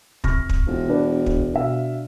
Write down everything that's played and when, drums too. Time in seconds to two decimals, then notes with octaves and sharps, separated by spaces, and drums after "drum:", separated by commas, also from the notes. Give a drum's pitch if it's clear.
0.24 C3 C#6 F6 A#6, drum: kick
0.49 drum: kick
0.67 E1 F4
0.90 D4 F#4 B4
1.26 drum: kick
1.54 B2 E5 F5